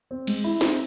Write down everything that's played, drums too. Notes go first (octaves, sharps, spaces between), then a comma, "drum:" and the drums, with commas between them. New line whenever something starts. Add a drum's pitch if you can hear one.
C4
G#3, drum: cymbal
E4
C4, drum: snare